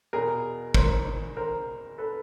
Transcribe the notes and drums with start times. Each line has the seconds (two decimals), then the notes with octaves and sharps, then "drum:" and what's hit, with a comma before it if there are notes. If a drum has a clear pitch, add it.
0.13 E2 B2 G#4 A#4
0.74 A#4 C5, drum: kick
1.36 A#4 C5
1.98 A4 B4